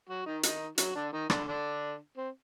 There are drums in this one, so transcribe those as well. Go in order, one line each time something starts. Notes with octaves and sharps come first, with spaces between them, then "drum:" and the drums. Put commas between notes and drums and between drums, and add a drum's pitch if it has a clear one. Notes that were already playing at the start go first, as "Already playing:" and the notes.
F#3 F#4
D#3 D#4
D#3 D#4, drum: hi-hat
F#3 F#4, drum: hi-hat
D3 D4
D#3 D#4
D3 D4, drum: rim click
D3 D4
C4